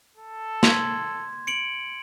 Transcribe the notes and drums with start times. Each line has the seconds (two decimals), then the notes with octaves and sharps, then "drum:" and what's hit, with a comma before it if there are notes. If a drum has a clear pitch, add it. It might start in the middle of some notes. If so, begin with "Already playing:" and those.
0.16 A4
0.63 C6 G#6, drum: snare
1.47 C#7 D7 F#7